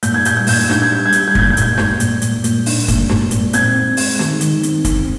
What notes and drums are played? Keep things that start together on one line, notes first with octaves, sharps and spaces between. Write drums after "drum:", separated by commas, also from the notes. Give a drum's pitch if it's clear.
A#2 G6, drum: hi-hat
G#6
G3 G6, drum: hi-hat
G#6
A#2 G6, drum: open hi-hat
G#6
D4 G6, drum: snare
G#6
G3 G6
G#6
G3 G6, drum: hi-hat
G#6
A#2 G6, drum: kick
G#6
A#2 G6, drum: hi-hat
A#2 G6, drum: snare
A#2, drum: hi-hat
A#2, drum: hi-hat
A#2, drum: hi-hat
D4, drum: open hi-hat
A#2, drum: kick, hi-hat
A#2, drum: snare
A#2, drum: hi-hat
C4 G#6, drum: hi-hat
C4
G#3, drum: open hi-hat
D#3, drum: snare
D#3, drum: hi-hat
C4, drum: hi-hat
C4, drum: kick, hi-hat